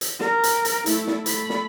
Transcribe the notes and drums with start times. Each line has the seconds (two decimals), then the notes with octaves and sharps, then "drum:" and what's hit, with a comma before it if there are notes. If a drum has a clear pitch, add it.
0.01 drum: hi-hat
0.20 A#4, drum: snare
0.43 drum: hi-hat
0.65 drum: hi-hat
0.86 A3 E4, drum: hi-hat
1.07 drum: snare
1.26 A3 B5, drum: hi-hat
1.50 drum: snare